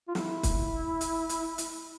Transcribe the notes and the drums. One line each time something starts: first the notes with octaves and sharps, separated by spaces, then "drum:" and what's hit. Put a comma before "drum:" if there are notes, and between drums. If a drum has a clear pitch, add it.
F4
E4, drum: snare
drum: kick, hi-hat
drum: hi-hat
drum: hi-hat
drum: hi-hat